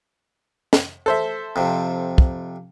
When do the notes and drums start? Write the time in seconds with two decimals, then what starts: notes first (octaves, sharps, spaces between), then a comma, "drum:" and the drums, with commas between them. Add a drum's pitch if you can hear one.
0.73 drum: snare
1.06 A4 C5 E5
1.56 F2 C3
2.18 drum: kick